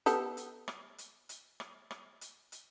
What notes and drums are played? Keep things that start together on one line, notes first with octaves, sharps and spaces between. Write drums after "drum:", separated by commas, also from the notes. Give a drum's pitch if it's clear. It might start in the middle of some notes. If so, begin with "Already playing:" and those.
B3 G4 A4, drum: hi-hat
drum: hi-hat
drum: rim click
drum: hi-hat
drum: hi-hat
drum: rim click
drum: rim click
drum: hi-hat
drum: hi-hat